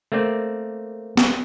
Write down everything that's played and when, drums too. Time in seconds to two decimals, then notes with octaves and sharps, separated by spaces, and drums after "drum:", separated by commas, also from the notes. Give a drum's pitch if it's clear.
0.12 A3 A#3 C4 D5
1.17 drum: snare